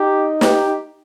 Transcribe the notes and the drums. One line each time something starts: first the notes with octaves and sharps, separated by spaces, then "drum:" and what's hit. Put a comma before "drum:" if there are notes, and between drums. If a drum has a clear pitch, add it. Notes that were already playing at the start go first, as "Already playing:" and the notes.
Already playing: D#4 G4
G4, drum: snare